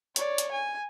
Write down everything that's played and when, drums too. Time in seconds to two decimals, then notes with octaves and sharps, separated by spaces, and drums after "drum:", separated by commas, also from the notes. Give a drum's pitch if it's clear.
0.16 C#5 D5, drum: hi-hat
0.38 drum: hi-hat
0.52 G#5